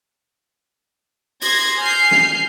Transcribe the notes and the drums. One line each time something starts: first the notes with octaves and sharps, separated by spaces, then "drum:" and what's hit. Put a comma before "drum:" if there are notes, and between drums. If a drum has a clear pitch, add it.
C6 G#6 A#6, drum: open hi-hat
G#5 F6 G6 C7
drum: snare